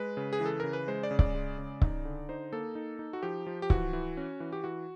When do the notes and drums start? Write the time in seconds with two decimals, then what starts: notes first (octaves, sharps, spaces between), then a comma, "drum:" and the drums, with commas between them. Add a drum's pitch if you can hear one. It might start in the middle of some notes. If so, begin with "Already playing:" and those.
Already playing: G#3 B4
0.17 C#3
0.33 G#4
0.40 E3
0.46 A4
0.60 C#3 A#4
0.73 B4
0.88 G#3 C5
1.03 D5
1.11 C#3
1.19 D5, drum: kick C#1
1.35 G#3
1.58 C#3
1.81 D#4, drum: kick C#1
2.05 D3
2.29 D#4 C5
2.53 A#3 A4
2.75 D#4
2.99 D#4
3.13 F#4
3.23 F3 G4
3.46 F3
3.62 G4
3.70 E3 F#4, drum: kick C#1
3.93 E3
4.17 C#4
4.40 E3
4.52 G4
4.64 E3 F#4